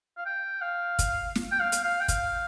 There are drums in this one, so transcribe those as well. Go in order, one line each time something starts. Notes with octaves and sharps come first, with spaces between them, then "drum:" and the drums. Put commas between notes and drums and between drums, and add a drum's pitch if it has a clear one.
F5
G5
F5
drum: kick, hi-hat
drum: snare
G5
F5
drum: hi-hat
F5
G5
F5, drum: kick, hi-hat